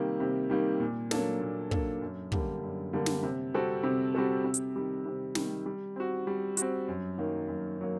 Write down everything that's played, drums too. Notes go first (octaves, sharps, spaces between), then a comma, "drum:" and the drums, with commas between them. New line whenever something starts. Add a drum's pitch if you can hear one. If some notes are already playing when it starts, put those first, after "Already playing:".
Already playing: C3 D#3 G3 A#3
C3
D#3 G3 A#3
A#2
F#3 A#3 D4 A4, drum: snare
A#2
F#3 A#3 D4 A4, drum: kick
F#2
D3 G3 A#3, drum: kick
F#2
D3 G3 A#3
drum: snare
C3
G3 C4 F#4 A4
C3
G3 C4 F#4 A4
C3
drum: hi-hat
D#3 G3
C3
D#3 G3, drum: snare
G3
C4 F#4
G3
C4 F#4, drum: hi-hat
F#2
D#3 F#3 A#3
F#2
D#3 F#3 A#3